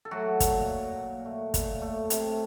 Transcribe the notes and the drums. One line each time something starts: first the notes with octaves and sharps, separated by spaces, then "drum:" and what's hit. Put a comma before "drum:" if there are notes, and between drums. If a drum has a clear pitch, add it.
A4
F#3 A3 F#4
A#2, drum: kick, hi-hat
F#3
A#2
A3
A#2, drum: kick, hi-hat
A3
C3, drum: hi-hat